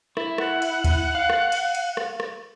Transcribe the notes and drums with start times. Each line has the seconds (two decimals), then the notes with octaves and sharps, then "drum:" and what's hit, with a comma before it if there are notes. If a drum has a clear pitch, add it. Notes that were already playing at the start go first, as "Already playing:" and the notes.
0.17 E4, drum: rim click
0.38 F#5, drum: rim click
0.62 drum: cymbal
0.84 drum: kick D2, cymbal
1.15 F5
1.30 drum: rim click
1.52 drum: cymbal
1.75 drum: cymbal
1.97 drum: rim click
2.20 drum: rim click